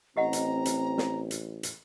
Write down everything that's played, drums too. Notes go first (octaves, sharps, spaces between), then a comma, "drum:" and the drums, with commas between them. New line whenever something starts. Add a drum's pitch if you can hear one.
A1 C4 G4 D#5 F#5 A#5
drum: hi-hat
drum: hi-hat
drum: snare
drum: hi-hat
drum: hi-hat